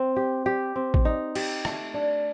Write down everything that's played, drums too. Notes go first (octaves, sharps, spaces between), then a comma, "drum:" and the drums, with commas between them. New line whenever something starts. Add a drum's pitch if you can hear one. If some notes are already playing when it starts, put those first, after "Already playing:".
Already playing: C4
G4
G4
C4
drum: kick
D#4
G4, drum: cymbal
A3, drum: rim click
D4